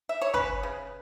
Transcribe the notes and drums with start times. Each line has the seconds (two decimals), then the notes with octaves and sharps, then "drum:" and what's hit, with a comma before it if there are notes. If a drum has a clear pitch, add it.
0.09 E5
0.22 C#5
0.34 C#4 B4, drum: kick
0.63 C#3